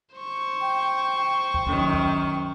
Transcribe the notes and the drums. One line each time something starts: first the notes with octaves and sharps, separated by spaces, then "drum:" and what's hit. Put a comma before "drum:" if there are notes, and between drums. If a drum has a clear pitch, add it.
C5 C#6
G5
drum: kick
F#2 D#3 G5, drum: kick
drum: kick